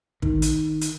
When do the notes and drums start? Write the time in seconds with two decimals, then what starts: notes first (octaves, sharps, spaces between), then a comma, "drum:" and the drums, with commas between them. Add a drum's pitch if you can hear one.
0.22 D#3, drum: kick
0.42 drum: hi-hat
0.81 drum: hi-hat